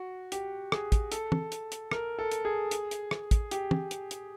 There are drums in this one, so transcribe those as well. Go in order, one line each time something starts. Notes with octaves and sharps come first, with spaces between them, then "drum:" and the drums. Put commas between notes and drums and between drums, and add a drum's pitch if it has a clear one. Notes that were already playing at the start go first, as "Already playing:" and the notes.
Already playing: F#4
G4, drum: hi-hat
G#4, drum: rim click
drum: kick, hi-hat
A4, drum: hi-hat
drum: tom
drum: hi-hat
drum: hi-hat
A#4, drum: rim click
A4
drum: hi-hat
G#4
drum: hi-hat
drum: hi-hat
drum: rim click
drum: kick, hi-hat
G4, drum: hi-hat
drum: tom
drum: hi-hat
drum: hi-hat